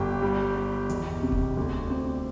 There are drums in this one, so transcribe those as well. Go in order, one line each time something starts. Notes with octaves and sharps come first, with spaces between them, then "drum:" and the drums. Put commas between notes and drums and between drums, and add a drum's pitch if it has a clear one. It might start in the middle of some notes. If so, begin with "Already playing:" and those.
Already playing: G1 G4
G3
G3
E1, drum: hi-hat
C3
drum: kick D#1
D2
C4